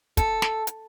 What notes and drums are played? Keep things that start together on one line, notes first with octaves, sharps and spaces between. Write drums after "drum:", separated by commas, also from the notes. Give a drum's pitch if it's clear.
A4, drum: kick, hi-hat
drum: snare
drum: hi-hat